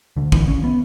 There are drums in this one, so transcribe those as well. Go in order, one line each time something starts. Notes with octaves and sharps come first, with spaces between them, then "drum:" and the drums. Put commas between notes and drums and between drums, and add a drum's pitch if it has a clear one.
D2 D3
D3 E3, drum: kick
D3 C#4
B3